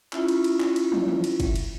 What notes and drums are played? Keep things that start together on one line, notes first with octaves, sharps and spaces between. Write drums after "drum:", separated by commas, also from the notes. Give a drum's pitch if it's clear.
C#4 E4 F4 E5, drum: clap
drum: cymbal
drum: cymbal
drum: clap
drum: cymbal
drum: tom
drum: tom E3
drum: cymbal
drum: kick, cymbal
drum: cymbal